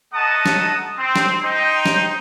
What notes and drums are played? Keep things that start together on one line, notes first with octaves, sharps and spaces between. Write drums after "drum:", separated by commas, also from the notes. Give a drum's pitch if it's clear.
A3 D#5 F#5 A5 A#5 D#6
drum: snare
C4
drum: snare
D#4 C5 G5
drum: snare